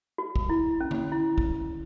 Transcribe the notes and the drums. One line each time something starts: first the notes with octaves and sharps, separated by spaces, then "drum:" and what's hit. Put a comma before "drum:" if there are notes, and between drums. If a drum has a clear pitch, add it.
F#4
drum: kick
E4
C#4
drum: tom D3
E4
drum: kick